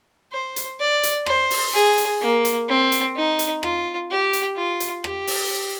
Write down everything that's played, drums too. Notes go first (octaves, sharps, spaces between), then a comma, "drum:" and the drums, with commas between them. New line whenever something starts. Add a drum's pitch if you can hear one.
C5
drum: hi-hat
D5
drum: hi-hat
C5, drum: rim click
drum: open hi-hat
G#4
drum: hi-hat
A#3
drum: hi-hat
C4
drum: hi-hat
D#4
drum: hi-hat
F4, drum: rim click
G4
drum: hi-hat
F4
drum: hi-hat
G4, drum: rim click
drum: open hi-hat